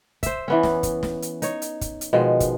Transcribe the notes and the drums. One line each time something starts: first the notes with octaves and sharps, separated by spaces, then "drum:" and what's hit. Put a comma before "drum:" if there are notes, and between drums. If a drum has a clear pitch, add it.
C5 E5, drum: kick, hi-hat
E3 B3 C#4
drum: snare
drum: kick, hi-hat
drum: snare
drum: hi-hat
D#4 C#5, drum: hi-hat
drum: hi-hat
drum: kick, hi-hat
drum: hi-hat
B2 D#3 F3 G#3
drum: kick, hi-hat